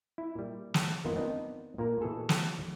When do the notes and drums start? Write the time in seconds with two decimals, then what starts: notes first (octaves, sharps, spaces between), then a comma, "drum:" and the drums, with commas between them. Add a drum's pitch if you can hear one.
0.18 E4
0.35 A#2 G3
0.74 drum: snare
1.04 F#2 D#3 A#3 B3 D#4 F4
1.16 D#3 B3 C4 D4 D#4
1.78 A#2 A#3 D4 A#4
2.01 B2 E3 G#4 A4 G#5
2.29 drum: snare